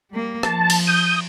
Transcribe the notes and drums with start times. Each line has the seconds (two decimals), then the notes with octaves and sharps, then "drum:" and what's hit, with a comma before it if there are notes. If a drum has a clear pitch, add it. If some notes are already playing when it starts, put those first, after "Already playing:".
0.11 G3 A#3
0.43 F3 A5, drum: rim click
0.70 drum: cymbal
0.87 D#6 G6